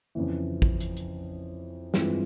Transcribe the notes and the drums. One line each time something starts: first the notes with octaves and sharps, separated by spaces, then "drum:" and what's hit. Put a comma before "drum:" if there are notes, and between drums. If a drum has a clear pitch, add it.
F2 C#3 E3
drum: kick
drum: hi-hat
drum: hi-hat
G2 E3 G#3 C4 F4, drum: snare